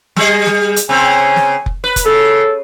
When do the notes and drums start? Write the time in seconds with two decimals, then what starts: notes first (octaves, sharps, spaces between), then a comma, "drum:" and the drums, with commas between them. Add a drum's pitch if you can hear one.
0.16 G3 G#4 D#5, drum: snare
0.46 drum: snare
0.76 drum: hi-hat
0.89 C#3 C4 G#5
1.36 drum: snare
1.66 drum: kick F1
1.84 B4
1.96 drum: kick F1, hi-hat
2.06 C#3 A4